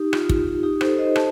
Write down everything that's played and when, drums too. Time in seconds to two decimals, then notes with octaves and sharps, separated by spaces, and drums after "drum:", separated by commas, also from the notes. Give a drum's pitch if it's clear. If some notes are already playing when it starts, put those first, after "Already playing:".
Already playing: D#4 G4
0.13 F4, drum: rim click
0.29 drum: kick
0.63 D#4 G4
0.81 A4 C5, drum: rim click
0.98 C5 D#5
1.16 A5, drum: rim click